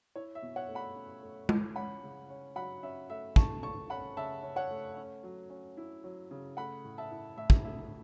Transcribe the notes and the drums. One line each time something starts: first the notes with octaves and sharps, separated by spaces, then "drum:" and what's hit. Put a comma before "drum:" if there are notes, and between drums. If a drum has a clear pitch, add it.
E4 C#5
E5
B2
C#5 F#5
A3
F#5 B5
C#4
A3
E4, drum: tom G#3
C#4 F#5 B5
C#3
C#4
F#3 F#5 B5
C#4 E5
A3 E5
A3 A5 C#6, drum: kick
A3 A5 C#6
C#4 F#5 B5
C#3 E5 A5
C#4
C#5 F#5
A3
C#4
F#3
C#4
E4
F#3
C#3
A3 F#5 B5
A2
E5 A5
E4
A2 E5
drum: kick
A3 E5